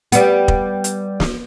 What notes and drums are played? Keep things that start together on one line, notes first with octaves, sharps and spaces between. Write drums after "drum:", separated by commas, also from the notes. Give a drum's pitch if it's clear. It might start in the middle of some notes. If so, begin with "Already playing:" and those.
G3 B3, drum: hi-hat
drum: kick
drum: hi-hat
drum: snare